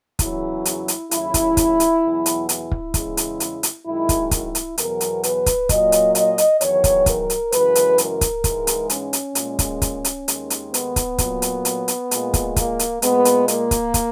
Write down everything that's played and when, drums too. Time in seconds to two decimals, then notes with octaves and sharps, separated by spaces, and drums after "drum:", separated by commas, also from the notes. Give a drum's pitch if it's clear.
0.19 E2 C#3 F#3 E4, drum: kick, hi-hat
0.65 E4, drum: hi-hat
0.88 drum: hi-hat
1.11 D#2 C#3 F#3 E4, drum: hi-hat
1.34 drum: kick, hi-hat
1.57 drum: kick, hi-hat
1.80 drum: hi-hat
2.03 E2 B2 F#3
2.26 drum: hi-hat
2.49 E4, drum: hi-hat
2.71 drum: kick
2.94 E2 C#3 G#3, drum: kick, hi-hat
3.17 drum: hi-hat
3.40 drum: hi-hat
3.63 drum: hi-hat
3.86 F#2 D#3 G#3 E4
4.09 drum: kick, hi-hat
4.31 E4, drum: kick, hi-hat
4.55 drum: hi-hat
4.78 E2 B2 F#3 A#4, drum: hi-hat
5.01 drum: hi-hat
5.23 B4, drum: hi-hat
5.46 drum: kick, hi-hat
5.69 A#2 F#3 D#5, drum: kick, hi-hat
5.92 drum: hi-hat
6.15 D#5, drum: hi-hat
6.38 drum: hi-hat
6.61 E2 D#3 F#3 C#5, drum: hi-hat
6.84 drum: kick, hi-hat
7.06 A#4, drum: kick, hi-hat
7.30 drum: hi-hat
7.52 F#2 C#3 E3 G#3 B4, drum: hi-hat
7.75 drum: hi-hat
7.98 A#4, drum: hi-hat
8.21 drum: kick, hi-hat
8.44 G#2 E3 G#3, drum: kick, hi-hat
8.67 drum: hi-hat
8.90 C#4, drum: hi-hat
9.13 drum: hi-hat
9.35 A#2 G#3, drum: hi-hat
9.59 drum: kick, hi-hat
9.82 drum: kick, hi-hat
10.04 drum: hi-hat
10.28 D#2 D#3 G#3, drum: hi-hat
10.50 drum: hi-hat
10.74 B3, drum: hi-hat
10.96 drum: kick, hi-hat
11.18 A#2 F#3, drum: kick, hi-hat
11.42 drum: hi-hat
11.65 drum: hi-hat
11.88 drum: hi-hat
12.11 A#2 G#3, drum: hi-hat
12.34 drum: kick, hi-hat
12.56 A#3, drum: kick, hi-hat
12.79 drum: hi-hat
13.02 A#2 G#3 B3, drum: hi-hat
13.25 drum: hi-hat
13.48 A#3, drum: hi-hat
13.71 drum: kick, hi-hat
13.94 drum: kick, hi-hat